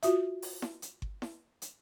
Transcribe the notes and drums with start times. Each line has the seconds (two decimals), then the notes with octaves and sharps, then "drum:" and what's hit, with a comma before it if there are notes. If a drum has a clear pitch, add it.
0.03 F4 F#4 E5, drum: hi-hat
0.42 drum: open hi-hat
0.62 drum: snare E4
0.82 drum: hi-hat
1.02 drum: kick G1
1.22 drum: snare E4
1.62 drum: hi-hat